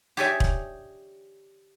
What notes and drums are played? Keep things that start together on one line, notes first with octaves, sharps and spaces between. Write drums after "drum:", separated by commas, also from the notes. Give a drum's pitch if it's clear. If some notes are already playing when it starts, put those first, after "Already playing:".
G4 G#4 C#5 D5 E5 G#5
drum: kick E1